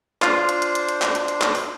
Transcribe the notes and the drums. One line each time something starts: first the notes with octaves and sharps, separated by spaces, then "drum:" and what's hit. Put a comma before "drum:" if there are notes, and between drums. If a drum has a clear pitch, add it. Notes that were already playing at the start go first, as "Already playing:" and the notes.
D4 F4 C5, drum: clap
drum: hi-hat
drum: hi-hat
drum: hi-hat
drum: hi-hat
drum: clap
drum: hi-hat
drum: hi-hat
drum: clap
drum: open hi-hat